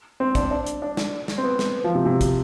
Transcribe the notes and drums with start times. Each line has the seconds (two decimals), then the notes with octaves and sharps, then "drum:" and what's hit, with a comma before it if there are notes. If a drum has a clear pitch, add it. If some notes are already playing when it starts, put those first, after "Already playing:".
0.20 C4
0.35 D4, drum: kick, hi-hat
0.51 D4
0.66 drum: hi-hat
0.82 D4
0.97 drum: snare
1.28 drum: snare
1.38 C4
1.43 B3
1.59 drum: snare
1.84 F3
1.95 C3
2.05 C3
2.21 drum: kick, hi-hat